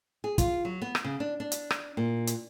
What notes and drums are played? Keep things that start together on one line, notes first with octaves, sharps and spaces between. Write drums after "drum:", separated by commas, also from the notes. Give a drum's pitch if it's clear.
G#4
F4, drum: kick, hi-hat
F#3
B3
drum: rim click
C#3
D4
D4
drum: hi-hat
drum: rim click
A#2
drum: hi-hat